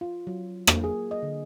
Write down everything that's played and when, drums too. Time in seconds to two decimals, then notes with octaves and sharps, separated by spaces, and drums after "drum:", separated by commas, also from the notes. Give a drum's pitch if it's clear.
0.01 F4
0.27 F#3
0.67 A#3, drum: rim click
0.84 G#4
1.11 D#5
1.23 D3